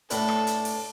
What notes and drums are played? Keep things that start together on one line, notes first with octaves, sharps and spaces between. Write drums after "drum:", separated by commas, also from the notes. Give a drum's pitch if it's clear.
A2 D4 A4 B4, drum: hi-hat
drum: rim click
drum: hi-hat
drum: open hi-hat